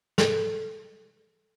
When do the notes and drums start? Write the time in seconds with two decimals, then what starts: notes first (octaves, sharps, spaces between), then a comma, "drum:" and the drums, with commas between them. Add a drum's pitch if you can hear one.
0.18 A4, drum: snare